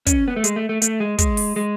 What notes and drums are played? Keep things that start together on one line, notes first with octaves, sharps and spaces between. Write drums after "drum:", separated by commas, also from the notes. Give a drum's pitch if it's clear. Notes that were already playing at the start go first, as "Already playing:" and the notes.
C#4, drum: kick, hi-hat
B3
A3
G#3, drum: hi-hat
A3
A3
A3, drum: hi-hat
G#3
G#3, drum: kick, hi-hat
drum: open hi-hat
G#3